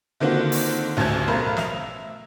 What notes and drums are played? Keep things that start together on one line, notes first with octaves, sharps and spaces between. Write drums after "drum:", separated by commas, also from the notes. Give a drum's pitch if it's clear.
D3 D#3 A#3 C4 F4 F#4
drum: open hi-hat
A1 D2 A3 C#4 A4 G#6
B1 A3 A#4 C5 B5
E5 F7, drum: snare